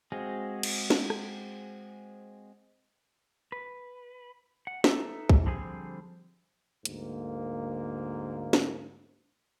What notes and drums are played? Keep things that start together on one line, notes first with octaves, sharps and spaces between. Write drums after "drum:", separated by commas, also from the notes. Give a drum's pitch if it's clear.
G#3 C4 F#4 G#4 F5
drum: cymbal
drum: snare
drum: rim click
B4
F#5
D#4 A4 B4 E5, drum: snare
drum: kick
D3 F3 G3 C4 G#4 G#5
D2 G#2 A#3, drum: hi-hat
drum: snare